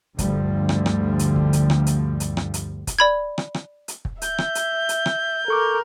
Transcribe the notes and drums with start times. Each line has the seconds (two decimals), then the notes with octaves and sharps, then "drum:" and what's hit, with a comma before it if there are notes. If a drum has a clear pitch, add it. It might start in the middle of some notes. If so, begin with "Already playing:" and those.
0.19 D2 G2 D3 F3 G3, drum: kick, hi-hat
0.69 drum: rim click
0.86 drum: rim click
1.19 drum: hi-hat
1.36 drum: kick
1.53 drum: hi-hat
1.70 drum: rim click
1.86 drum: hi-hat
2.20 drum: hi-hat
2.37 drum: rim click
2.54 drum: hi-hat
2.87 drum: kick, hi-hat
2.99 D5 B5 G#6
3.38 drum: rim click
3.54 drum: rim click
3.88 drum: hi-hat
4.05 drum: kick
4.22 E5 G6, drum: hi-hat
4.38 drum: rim click
4.55 drum: hi-hat
4.89 drum: hi-hat
5.06 drum: rim click
5.48 A4 A#4 C#6 D6